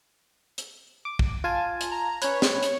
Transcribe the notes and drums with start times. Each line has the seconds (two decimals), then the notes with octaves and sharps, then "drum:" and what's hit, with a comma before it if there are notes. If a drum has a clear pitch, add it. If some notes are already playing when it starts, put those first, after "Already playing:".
0.58 drum: hi-hat
1.05 D6
1.19 drum: kick
1.44 F4 G#5 A5
1.81 drum: hi-hat
1.91 A#5
2.22 C#4 B4 C#5, drum: hi-hat
2.42 drum: snare
2.63 drum: hi-hat